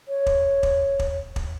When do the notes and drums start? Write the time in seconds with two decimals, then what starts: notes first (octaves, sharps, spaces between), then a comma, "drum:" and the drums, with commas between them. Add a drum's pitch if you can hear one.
0.08 C#5
0.26 drum: kick
0.63 drum: kick
0.99 drum: kick
1.36 drum: kick